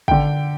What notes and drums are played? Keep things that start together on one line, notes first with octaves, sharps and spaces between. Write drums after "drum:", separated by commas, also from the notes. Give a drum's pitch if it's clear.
D3 G5, drum: kick